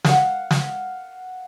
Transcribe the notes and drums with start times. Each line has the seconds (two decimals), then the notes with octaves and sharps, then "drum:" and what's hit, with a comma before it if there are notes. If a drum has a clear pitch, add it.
0.05 F5 F#5, drum: snare
0.51 drum: snare